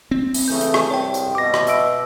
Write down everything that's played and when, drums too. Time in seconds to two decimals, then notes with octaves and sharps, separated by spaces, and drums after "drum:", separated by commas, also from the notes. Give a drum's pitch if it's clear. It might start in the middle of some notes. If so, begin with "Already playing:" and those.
0.11 C4
0.34 drum: open hi-hat
0.48 C#3 E3 A3 G6
0.61 drum: hi-hat
0.74 drum: rim click
0.91 C2 C#5 G5
1.14 drum: hi-hat
1.35 B2 D6 A#6
1.54 drum: rim click
1.67 E5 E6 D7, drum: hi-hat